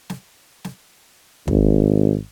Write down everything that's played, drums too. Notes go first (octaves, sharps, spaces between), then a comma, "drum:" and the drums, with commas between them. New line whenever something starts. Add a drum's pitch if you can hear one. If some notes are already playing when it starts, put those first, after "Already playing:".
drum: snare
drum: snare
G#1, drum: kick